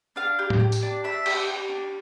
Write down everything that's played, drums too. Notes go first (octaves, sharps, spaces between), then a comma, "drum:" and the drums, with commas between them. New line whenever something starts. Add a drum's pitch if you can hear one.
D4 F5
G4
drum: tom A2
G4
drum: tambourine
D4
D4 E5
G4, drum: cymbal
G4
D4